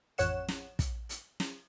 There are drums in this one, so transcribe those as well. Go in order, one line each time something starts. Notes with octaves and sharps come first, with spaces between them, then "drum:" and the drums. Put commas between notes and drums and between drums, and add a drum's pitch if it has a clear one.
A1 F2 C#5 F#5 E7, drum: hi-hat
drum: snare
drum: kick, hi-hat
drum: hi-hat
drum: snare